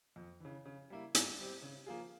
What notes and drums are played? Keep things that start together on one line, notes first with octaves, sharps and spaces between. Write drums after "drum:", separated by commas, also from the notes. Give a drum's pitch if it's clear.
F2
C#3 E3
C#3
G3 A#3 E4
G#2, drum: hi-hat
G3 C4 G4
C#3
F3 A#3 F4 G#4